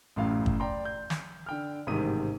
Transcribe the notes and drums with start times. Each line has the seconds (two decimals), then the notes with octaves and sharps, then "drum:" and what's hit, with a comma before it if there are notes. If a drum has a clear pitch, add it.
0.16 A1 F#2 A2 F5
0.46 drum: kick
0.60 D5 G5 A#5 C6
0.85 G6
1.10 drum: snare
1.46 D3 G5 F6
1.87 A1 G#2 C3 D#3 D#6 D#7